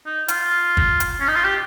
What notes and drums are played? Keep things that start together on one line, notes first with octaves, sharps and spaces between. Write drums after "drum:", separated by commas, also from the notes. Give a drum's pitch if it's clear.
D#4
F4, drum: hi-hat
drum: kick
drum: hi-hat
C#4
D#4
F4
G4